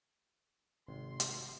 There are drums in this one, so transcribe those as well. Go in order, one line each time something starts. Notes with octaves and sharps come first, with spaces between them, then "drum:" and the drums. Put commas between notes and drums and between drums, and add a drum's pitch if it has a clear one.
G#1 C3 E3 C6
drum: hi-hat